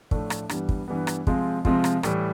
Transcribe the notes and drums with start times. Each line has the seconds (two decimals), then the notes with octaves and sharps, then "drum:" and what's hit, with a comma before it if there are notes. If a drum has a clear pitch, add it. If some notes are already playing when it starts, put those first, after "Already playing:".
0.11 A2 F3 A3 D4, drum: kick
0.30 drum: rim click
0.49 G2 E3 G3 B3, drum: rim click
0.69 drum: kick
0.88 G2 E3 G3 B3
1.07 drum: rim click
1.27 C3 F3 G#3 C4 F4, drum: kick
1.65 C3 F3 G#3 C4 F4, drum: kick
1.84 drum: rim click
2.03 A2 E3 G3, drum: rim click